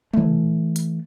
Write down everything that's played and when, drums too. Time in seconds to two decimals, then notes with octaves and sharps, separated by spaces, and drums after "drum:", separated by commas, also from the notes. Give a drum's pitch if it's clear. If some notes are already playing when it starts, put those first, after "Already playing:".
0.14 E3 A3, drum: tom
0.76 drum: hi-hat